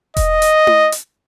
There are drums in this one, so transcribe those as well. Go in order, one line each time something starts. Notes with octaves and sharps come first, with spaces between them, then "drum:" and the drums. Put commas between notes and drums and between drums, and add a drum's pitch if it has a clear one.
D#5, drum: kick E1, hi-hat
drum: hi-hat
drum: tom E4
drum: hi-hat